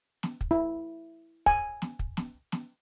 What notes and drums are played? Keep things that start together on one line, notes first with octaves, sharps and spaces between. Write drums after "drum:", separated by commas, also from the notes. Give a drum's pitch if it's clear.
drum: snare
drum: kick
E4
G#5, drum: kick
drum: snare
drum: kick
drum: snare
drum: snare